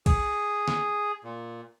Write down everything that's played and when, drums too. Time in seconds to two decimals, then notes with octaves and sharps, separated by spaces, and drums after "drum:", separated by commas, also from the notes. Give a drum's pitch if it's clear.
0.06 G#4, drum: kick, cymbal
0.68 drum: snare
1.24 A#2